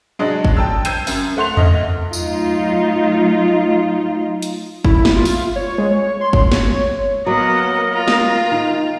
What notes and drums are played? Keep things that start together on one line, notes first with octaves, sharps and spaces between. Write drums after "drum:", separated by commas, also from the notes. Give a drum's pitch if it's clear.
F#3 G#3 D4 D#5
drum: kick
G5 A5 E6
E6 G6 G#6 C7 D#7 E7, drum: hi-hat
F#2, drum: open hi-hat
A3 F#5 C6 F7
D2 D#5, drum: tom E2
F#3 A3 D#4 F4, drum: tambourine
drum: hi-hat
E4, drum: kick
drum: snare
F4
drum: open hi-hat
C#5
G#3
C#5
C6
drum: kick
C#5, drum: snare
F#3 A#3 B3 A#4 D#5 F#5
F4
drum: snare
D#3